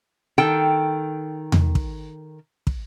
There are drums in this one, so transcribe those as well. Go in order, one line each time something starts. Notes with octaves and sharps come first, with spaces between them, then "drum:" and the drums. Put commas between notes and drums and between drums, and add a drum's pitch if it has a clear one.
D#3 A4 G5
drum: tom E2
drum: kick
drum: kick